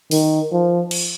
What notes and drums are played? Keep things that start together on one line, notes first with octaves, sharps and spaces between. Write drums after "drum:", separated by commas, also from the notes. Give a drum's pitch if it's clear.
D#3, drum: open hi-hat
F3
drum: cymbal